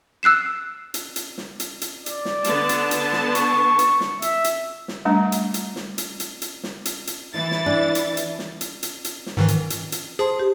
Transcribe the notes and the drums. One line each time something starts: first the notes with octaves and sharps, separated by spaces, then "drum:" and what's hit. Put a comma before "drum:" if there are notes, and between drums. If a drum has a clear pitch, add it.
E6 F#6 C7 E7
drum: hi-hat
drum: hi-hat
drum: snare
drum: hi-hat
drum: hi-hat
D5, drum: hi-hat
drum: snare
D3 B3 A5, drum: hi-hat
drum: hi-hat
drum: hi-hat
drum: snare
C#6, drum: hi-hat
drum: hi-hat
drum: snare
E5, drum: hi-hat
drum: hi-hat
drum: snare
G3 A3 D4
drum: hi-hat
drum: hi-hat
drum: snare
drum: hi-hat
drum: hi-hat
drum: hi-hat
drum: snare
drum: hi-hat
drum: hi-hat
E3 E4 A6
drum: snare
D4
drum: hi-hat
drum: hi-hat
drum: snare
drum: hi-hat
drum: hi-hat
drum: hi-hat
drum: snare
G#2 D#3 E3
drum: hi-hat
drum: hi-hat
drum: hi-hat
G#4 C5 A5 C6
G4